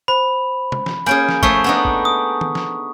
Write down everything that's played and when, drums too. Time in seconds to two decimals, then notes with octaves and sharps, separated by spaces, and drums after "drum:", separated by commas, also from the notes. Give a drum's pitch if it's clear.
0.08 C5 B5
0.72 drum: tom
0.86 drum: snare
1.06 A#3 C#4 G#4 G#5 G6 D7
1.29 drum: snare
1.43 F3 A3 G#4 C#6, drum: kick
1.64 B3 D4 D#4
1.85 drum: kick
2.05 D#6
2.41 drum: tom
2.55 drum: snare